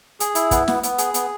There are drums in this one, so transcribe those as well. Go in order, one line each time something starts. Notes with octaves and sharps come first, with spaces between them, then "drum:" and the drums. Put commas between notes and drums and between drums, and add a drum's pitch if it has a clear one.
G#4, drum: hi-hat
E4, drum: hi-hat
B3, drum: kick, hi-hat
B3, drum: snare
B3, drum: hi-hat
G#4, drum: hi-hat
B3, drum: hi-hat